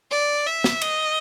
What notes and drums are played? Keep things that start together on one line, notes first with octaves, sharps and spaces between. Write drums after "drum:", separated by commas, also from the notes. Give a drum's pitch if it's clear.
D5
E5
drum: snare
D#5, drum: cymbal